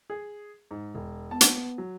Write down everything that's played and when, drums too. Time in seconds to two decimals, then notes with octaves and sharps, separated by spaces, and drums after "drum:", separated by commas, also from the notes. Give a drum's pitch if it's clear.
0.10 G#4
0.71 G#2
0.95 E1
1.31 B3 A5
1.41 drum: hi-hat
1.78 F#3